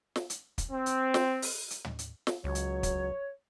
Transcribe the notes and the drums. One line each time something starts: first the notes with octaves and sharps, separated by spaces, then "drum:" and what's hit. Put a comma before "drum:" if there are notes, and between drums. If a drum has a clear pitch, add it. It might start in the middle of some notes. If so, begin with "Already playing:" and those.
drum: snare
drum: hi-hat
drum: kick, hi-hat
C4
drum: hi-hat
drum: snare
drum: open hi-hat
drum: hi-hat
drum: tom
drum: hi-hat
drum: snare
C#2 F#3 C#5
drum: hi-hat
drum: kick, hi-hat